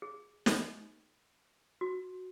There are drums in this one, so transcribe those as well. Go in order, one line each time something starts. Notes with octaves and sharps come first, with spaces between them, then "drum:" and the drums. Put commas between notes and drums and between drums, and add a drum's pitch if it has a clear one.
G#4
drum: snare
F#4